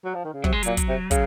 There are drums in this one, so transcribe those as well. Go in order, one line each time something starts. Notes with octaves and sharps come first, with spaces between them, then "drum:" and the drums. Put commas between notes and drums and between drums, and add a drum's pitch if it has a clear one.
F#3
F3
D#3
C#3
C3 F#3, drum: kick
G#3
A#2 F#3, drum: hi-hat
drum: kick, hi-hat
C3
C#3, drum: kick, hi-hat